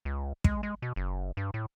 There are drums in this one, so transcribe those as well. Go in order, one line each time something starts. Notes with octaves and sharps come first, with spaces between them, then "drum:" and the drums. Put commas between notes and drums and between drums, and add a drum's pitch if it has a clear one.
C#2
G#3, drum: kick
G#3
B2
F#1
G2
A2